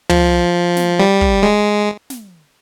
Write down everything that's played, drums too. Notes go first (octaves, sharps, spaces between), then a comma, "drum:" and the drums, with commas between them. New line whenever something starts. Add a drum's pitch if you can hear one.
F3, drum: tom
drum: snare
G3
drum: kick
G#3
drum: snare